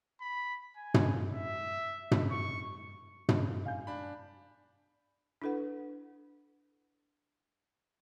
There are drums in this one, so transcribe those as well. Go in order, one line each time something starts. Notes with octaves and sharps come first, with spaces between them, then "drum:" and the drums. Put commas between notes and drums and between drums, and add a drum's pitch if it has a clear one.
B5
G#5
drum: tom
E5
drum: tom
C#6
drum: tom
F5 G#5 G6
D4 B5
D4 E4 A4 B4 F#5